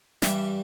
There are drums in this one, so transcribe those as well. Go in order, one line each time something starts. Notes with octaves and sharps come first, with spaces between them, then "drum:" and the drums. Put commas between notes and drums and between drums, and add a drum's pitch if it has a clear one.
G2 E3 G3 E5, drum: snare